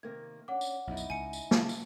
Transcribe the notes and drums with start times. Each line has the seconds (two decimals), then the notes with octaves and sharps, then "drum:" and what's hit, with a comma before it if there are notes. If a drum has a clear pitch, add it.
0.03 C3 D#3 A#3 G#6
0.48 C#4 D4 F#5 D6
0.61 drum: tambourine
0.87 B1 F2 D#4 E4
0.97 drum: tambourine
1.10 C#2 G#5 C#7
1.33 drum: tambourine
1.51 C#3 A5, drum: snare
1.69 drum: tambourine